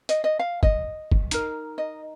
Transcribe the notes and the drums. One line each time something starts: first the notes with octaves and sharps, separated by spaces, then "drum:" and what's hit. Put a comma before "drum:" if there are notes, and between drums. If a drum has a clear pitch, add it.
D#5, drum: hi-hat
D#5
F5
D#5, drum: kick
drum: kick
D#4 A#4, drum: hi-hat
D#5